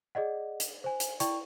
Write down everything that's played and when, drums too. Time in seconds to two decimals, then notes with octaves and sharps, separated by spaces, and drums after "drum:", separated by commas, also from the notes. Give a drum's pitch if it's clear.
0.15 G#4 D5 D#5 F#5
0.60 drum: hi-hat
0.84 C5 G#5
1.00 drum: hi-hat
1.20 E4 D5 G5 C#6, drum: hi-hat